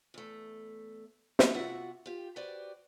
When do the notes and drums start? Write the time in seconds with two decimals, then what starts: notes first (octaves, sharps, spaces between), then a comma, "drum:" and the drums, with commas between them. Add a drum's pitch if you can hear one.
0.14 E2 A3
1.39 drum: snare
1.54 C3 B3 F4 F#4 E5 F#5
2.06 F4 G4
2.36 F#4 G4 B4 C5 D5